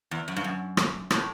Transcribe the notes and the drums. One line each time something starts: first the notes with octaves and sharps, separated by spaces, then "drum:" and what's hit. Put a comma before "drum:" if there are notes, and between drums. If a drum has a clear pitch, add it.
E2
F#2
G2
F#2
drum: rim click
A2, drum: rim click